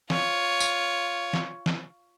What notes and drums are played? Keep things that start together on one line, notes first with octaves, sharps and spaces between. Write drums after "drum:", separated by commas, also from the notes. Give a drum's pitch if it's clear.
F4 C#5, drum: snare
drum: tambourine
drum: snare
drum: snare